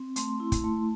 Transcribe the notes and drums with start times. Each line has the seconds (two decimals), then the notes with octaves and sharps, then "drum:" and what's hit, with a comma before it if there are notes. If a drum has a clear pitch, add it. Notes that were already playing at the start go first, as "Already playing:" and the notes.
Already playing: C4
0.16 A3 C6, drum: hi-hat
0.40 E4
0.52 drum: kick, hi-hat
0.64 A3